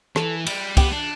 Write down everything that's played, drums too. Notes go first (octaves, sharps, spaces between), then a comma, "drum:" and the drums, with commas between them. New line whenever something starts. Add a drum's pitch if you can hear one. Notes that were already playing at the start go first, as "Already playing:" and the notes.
E3 A4, drum: rim click
G3, drum: cymbal
B3 G4, drum: kick C2, cymbal
D4